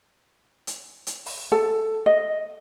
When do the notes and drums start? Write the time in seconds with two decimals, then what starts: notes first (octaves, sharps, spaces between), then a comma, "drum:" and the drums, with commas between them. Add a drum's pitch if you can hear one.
0.67 drum: hi-hat
1.07 drum: hi-hat
1.26 drum: open hi-hat
1.52 A4 A5
2.06 D#5